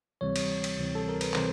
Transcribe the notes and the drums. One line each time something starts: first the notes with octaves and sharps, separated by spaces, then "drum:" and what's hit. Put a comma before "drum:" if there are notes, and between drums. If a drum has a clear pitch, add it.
D2 C3 E3 G3 C4 C#5
drum: cymbal
drum: cymbal
D2 C3 E3 G3 C4
A4
A#4
B4, drum: cymbal
C3 E3 G3 C4 C5, drum: clap